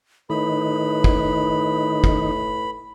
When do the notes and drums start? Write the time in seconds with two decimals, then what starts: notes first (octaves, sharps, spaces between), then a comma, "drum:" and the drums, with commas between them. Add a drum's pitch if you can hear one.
0.30 A2 D#3 D#4 B4 B5
1.04 drum: kick
2.04 drum: kick